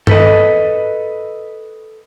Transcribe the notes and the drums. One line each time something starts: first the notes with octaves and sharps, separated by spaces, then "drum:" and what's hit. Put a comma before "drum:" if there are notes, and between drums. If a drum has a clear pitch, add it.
A4 B4 D#5, drum: tom